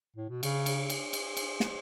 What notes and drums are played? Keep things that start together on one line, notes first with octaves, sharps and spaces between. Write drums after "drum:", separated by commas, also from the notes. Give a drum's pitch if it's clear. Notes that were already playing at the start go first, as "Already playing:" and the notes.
A2
B2
C#3, drum: cymbal
drum: cymbal
drum: cymbal
drum: cymbal
drum: cymbal
drum: snare